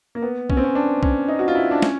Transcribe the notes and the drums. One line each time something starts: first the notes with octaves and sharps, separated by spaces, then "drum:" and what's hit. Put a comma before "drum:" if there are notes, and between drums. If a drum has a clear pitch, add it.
A#3
B3
C#4, drum: kick
C4
C#4
D4
C#4, drum: kick
D#4
F#4
F4
E4
D4
C#4, drum: snare